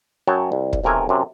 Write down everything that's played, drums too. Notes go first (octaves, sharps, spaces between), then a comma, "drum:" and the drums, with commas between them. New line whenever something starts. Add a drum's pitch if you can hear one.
F#2 F#3 F#4 C#5 G5 A5
C2
drum: kick
B1 C3 A3 A#4 G#5
F#2 C3